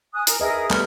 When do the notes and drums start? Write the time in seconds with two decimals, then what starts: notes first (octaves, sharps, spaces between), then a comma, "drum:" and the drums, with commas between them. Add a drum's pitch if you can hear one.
0.14 G#5 D#6 F#6
0.27 A#4 A#5, drum: hi-hat
0.40 G#4 A#4 B4 D#5 E5 D#6
0.70 G3 A3 B3 F6, drum: clap